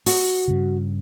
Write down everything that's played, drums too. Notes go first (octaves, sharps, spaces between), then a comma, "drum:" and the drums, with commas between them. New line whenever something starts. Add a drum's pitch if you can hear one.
F#4, drum: open hi-hat
G2 C#3